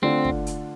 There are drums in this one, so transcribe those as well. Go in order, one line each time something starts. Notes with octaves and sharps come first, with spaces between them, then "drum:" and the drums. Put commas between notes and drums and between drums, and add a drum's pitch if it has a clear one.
D3 A3 C4 D4 F4
drum: kick
drum: hi-hat